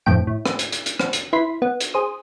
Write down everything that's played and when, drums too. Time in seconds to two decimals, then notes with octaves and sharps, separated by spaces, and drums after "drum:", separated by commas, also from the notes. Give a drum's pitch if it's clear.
0.06 G1 F2 A2 G5 D7
0.27 A2
0.46 drum: rim click
0.59 drum: hi-hat
0.73 drum: hi-hat
0.86 drum: hi-hat
1.00 drum: rim click
1.13 drum: hi-hat
1.33 E4 B4 C6 B6
1.62 B3
1.80 drum: hi-hat
1.94 G#4 C5 D#6